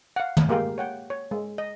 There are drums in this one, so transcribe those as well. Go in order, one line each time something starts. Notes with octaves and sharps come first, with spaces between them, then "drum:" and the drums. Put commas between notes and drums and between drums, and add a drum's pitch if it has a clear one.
F5 F#5
drum: tom
G#3 A#3 G4 A#4 F5 G5
C#5 F#5 G5
C#5
G#3
D#5